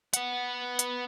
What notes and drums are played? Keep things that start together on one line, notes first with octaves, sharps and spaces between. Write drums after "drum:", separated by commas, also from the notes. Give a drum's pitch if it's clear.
B3 F#5, drum: hi-hat
drum: hi-hat